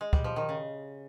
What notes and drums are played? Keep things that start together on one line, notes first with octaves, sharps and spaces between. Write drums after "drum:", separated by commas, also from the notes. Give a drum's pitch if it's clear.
G#3
G3, drum: kick
F3
D#3
C#3